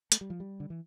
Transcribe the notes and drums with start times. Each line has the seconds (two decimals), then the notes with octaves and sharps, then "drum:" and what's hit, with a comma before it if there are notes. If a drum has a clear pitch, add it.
0.12 A3, drum: hi-hat
0.21 G3
0.30 F3
0.40 G3
0.60 D3
0.70 E3